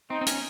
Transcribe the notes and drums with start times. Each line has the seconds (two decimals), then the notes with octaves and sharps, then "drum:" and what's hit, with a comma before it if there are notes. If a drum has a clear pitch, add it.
0.10 C4 D#4
0.21 C4
0.27 C#4, drum: hi-hat